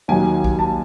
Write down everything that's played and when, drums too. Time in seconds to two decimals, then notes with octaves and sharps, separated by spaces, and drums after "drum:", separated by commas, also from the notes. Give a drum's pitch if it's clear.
0.08 D#2 D#3 F#3 G#5
0.44 drum: kick
0.59 A5